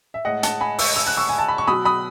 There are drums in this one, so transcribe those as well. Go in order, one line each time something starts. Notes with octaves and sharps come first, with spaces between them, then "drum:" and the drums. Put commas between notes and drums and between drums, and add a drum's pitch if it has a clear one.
E5
A2 G#3 D#5 F#5
F#5 A5, drum: hi-hat
G#5 B5
C#6 E6, drum: open hi-hat
E6
F#6
C#6 E6
G#5
A5
B5
C#6
B2 F#3 B5 D#6
B5 D#6